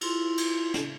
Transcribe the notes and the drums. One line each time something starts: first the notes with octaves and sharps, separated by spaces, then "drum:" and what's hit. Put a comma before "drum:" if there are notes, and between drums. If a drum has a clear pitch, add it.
E4 F4 C6, drum: cymbal
drum: cymbal
drum: snare